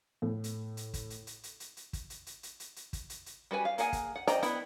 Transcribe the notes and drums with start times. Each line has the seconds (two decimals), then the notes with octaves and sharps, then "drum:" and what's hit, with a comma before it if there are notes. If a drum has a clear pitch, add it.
0.22 A2
0.44 drum: hi-hat
0.77 drum: hi-hat
0.94 drum: kick, hi-hat
1.10 drum: hi-hat
1.27 drum: hi-hat
1.43 drum: hi-hat
1.60 drum: hi-hat
1.77 drum: hi-hat
1.93 drum: kick, hi-hat
2.10 drum: hi-hat
2.27 drum: hi-hat
2.43 drum: hi-hat
2.60 drum: hi-hat
2.76 drum: hi-hat
2.93 drum: kick, hi-hat
3.10 drum: hi-hat
3.26 drum: hi-hat
3.51 G3 F#4 B4 G#5
3.65 F5
3.78 A#3 G#4 F#5 G#5, drum: hi-hat
3.93 drum: kick, hi-hat
4.16 F#5
4.27 C5 D5 D#5 G5 A#5, drum: hi-hat
4.43 B3 D4 E4, drum: hi-hat